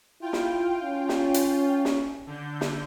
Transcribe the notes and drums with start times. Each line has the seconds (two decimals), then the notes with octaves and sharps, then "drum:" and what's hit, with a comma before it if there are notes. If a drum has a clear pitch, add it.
0.21 E4 F4 G5
0.33 drum: snare
0.84 C#4
1.09 drum: snare
1.34 drum: hi-hat
1.85 drum: snare
2.26 D3 G6
2.61 drum: snare